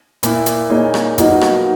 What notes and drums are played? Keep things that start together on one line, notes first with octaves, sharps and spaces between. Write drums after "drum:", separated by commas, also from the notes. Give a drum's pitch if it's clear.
A#2 A#3 E4, drum: hi-hat
drum: hi-hat
A#2 A#3 D#4 G#4 C#5
drum: rim click
B1 B2 A#3 D#4 F#4, drum: hi-hat
drum: rim click